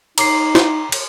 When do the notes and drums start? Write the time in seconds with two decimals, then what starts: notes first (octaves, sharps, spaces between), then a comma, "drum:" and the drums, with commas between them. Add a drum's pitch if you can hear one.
0.18 D#4 A#5 D6 C7, drum: cymbal
0.55 drum: snare
0.92 drum: cymbal